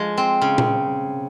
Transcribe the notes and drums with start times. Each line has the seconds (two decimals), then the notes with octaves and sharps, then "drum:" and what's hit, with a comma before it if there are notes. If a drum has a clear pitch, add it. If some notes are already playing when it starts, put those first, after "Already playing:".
Already playing: F3 G#3
0.18 C4
0.42 C#3
0.58 drum: tom A#2